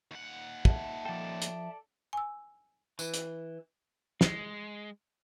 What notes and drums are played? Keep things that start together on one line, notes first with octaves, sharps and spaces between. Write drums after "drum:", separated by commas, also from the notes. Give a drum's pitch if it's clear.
D#2 F#5
E5 A5, drum: kick
F3 A4 D5 G5
drum: hi-hat
G#5 E6
E3, drum: tambourine
drum: hi-hat
G#3, drum: snare